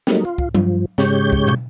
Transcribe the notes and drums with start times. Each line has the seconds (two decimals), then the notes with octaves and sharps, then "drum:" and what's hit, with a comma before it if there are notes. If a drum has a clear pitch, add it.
0.07 F#3 G3 A3 A#3 D#4, drum: snare
0.25 F4
0.38 drum: kick
0.54 G2 F3, drum: tom F#3
0.98 G#2 C#3 G#3 G4 C#5 G6, drum: snare
1.32 drum: kick
1.48 drum: tom